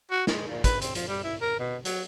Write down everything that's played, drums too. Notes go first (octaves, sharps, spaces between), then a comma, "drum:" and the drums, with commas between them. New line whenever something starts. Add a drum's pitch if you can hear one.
F#4
G#3, drum: snare
A#2
B4, drum: kick, hi-hat
C4, drum: hi-hat
F3, drum: hi-hat
G3
E4
A#4
B2
F#3, drum: hi-hat